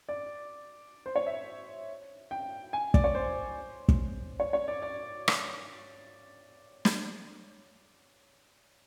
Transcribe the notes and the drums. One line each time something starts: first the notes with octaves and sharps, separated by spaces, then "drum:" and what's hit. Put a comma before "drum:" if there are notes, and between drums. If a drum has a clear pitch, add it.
D5
C5
C#5
E5
G5
G#5
D5, drum: kick
C#5
C5
drum: kick
C#5
C#5
D5
D5
drum: rim click
drum: snare